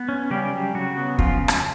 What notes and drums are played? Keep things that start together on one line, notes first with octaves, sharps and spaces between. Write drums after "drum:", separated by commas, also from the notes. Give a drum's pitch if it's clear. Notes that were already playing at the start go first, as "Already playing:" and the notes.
Already playing: B3 B4
C#4
C#3 G3 G4
F#3
C#3 F#3 F#4
B3
C#3 F3 F4, drum: kick
drum: rim click